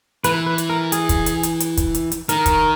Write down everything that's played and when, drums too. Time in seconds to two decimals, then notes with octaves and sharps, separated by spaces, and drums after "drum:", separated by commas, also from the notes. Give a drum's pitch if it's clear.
0.24 E3 B4, drum: hi-hat
0.46 B4
0.58 drum: hi-hat
0.70 A#4
0.92 G#4, drum: hi-hat
1.09 drum: kick, hi-hat
1.26 drum: hi-hat
1.43 drum: hi-hat
1.60 drum: hi-hat
1.77 drum: kick, hi-hat
1.95 drum: hi-hat
2.12 drum: hi-hat
2.29 D#3 A#4, drum: hi-hat
2.46 drum: kick, hi-hat